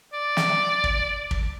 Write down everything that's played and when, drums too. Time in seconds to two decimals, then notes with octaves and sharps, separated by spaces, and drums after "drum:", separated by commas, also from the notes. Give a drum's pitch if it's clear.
0.13 D5
0.37 drum: snare
0.84 drum: kick
1.31 drum: kick